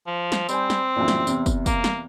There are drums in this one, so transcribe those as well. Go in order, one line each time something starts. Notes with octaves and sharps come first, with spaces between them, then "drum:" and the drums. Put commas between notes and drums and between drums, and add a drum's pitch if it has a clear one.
F3
drum: snare
G3 C4 C5 G#5, drum: tambourine
drum: snare
A1 F#2 A#2
drum: snare
E2 C3, drum: tambourine
drum: kick, tambourine
A#3, drum: kick, tambourine
drum: snare